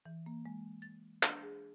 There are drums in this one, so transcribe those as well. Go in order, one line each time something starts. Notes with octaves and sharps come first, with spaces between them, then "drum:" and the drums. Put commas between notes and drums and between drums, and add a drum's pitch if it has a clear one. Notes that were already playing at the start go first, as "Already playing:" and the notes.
E3
A#3
G#3
A6
D4, drum: clap
G#4